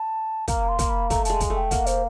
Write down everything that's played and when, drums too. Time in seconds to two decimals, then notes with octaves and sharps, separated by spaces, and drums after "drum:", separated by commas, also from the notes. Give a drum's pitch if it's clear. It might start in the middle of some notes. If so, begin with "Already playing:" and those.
Already playing: A5
0.48 A#3 A#5, drum: kick, hi-hat
0.69 C6
0.79 A#3, drum: kick, hi-hat
0.89 B5
1.10 A3 A#5, drum: kick, hi-hat
1.25 G#3 A5, drum: hi-hat
1.40 drum: kick, hi-hat
1.50 A3
1.56 G5
1.71 A#3 F#5, drum: kick, hi-hat
1.86 C5, drum: hi-hat